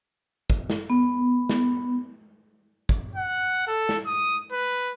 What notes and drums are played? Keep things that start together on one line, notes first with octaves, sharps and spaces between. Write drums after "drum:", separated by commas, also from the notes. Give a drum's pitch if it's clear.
drum: kick
drum: snare
B3
drum: snare
drum: kick
F#5
A4
drum: snare
D#6
B4